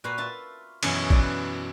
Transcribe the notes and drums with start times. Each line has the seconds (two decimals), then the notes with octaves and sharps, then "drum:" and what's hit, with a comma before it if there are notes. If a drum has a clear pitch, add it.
0.04 A#2 F#4 B4 F5 A#5
0.18 F4 E5 A5
0.83 F#2 B2 E3 C#4 F#5, drum: cymbal
1.10 B4 D5, drum: kick A1